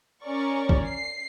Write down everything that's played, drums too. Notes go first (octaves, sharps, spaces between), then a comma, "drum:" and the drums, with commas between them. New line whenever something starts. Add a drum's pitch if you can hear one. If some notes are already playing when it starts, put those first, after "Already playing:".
C#4 A#4 D5 C#6
drum: kick
C7